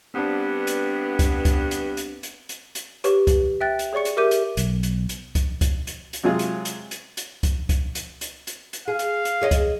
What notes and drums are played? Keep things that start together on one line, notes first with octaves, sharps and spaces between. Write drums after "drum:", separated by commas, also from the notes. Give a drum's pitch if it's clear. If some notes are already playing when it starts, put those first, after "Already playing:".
G2 B3 C4 D4
drum: hi-hat
drum: kick C2, hi-hat
drum: kick C2, hi-hat
drum: hi-hat
drum: hi-hat
drum: hi-hat
drum: hi-hat
drum: hi-hat
G4 B4 C#5 C#6, drum: hi-hat
drum: kick C2, hi-hat
E5 G5 F#6 A6
drum: hi-hat
G#4 C#5 D5 C#6 C#7
drum: hi-hat
G4 A#4 E5 D6 G6 D#7
drum: hi-hat
B1, drum: hi-hat
drum: hi-hat
drum: hi-hat
drum: kick C2, hi-hat
drum: kick C2, hi-hat
drum: hi-hat
drum: hi-hat
C3 F#3 G#3 F4 G#4
drum: hi-hat
drum: hi-hat
drum: hi-hat
drum: hi-hat
drum: kick C2, hi-hat
drum: kick C2, hi-hat
drum: hi-hat
drum: hi-hat
drum: hi-hat
drum: hi-hat
G#4 F5
drum: hi-hat
drum: hi-hat
G#4 C#5 D#5
drum: kick C2, hi-hat